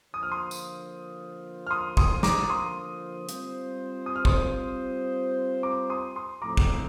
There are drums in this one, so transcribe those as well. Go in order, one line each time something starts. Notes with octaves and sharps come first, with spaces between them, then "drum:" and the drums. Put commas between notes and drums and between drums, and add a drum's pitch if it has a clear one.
D3 F3 A#3 F4 C5 D#6
F6
C6 D#6
drum: tambourine
F6
C6 D#6
C6 D#6, drum: kick
A#5 D6, drum: snare
C6 D#6
G3 C4 F4 C5, drum: hi-hat
D#6
F6
C6 D#6, drum: kick
A#5 D6
C6 D#6
C6 D#6
A2 F3 A3 C4 A#5 D6
drum: kick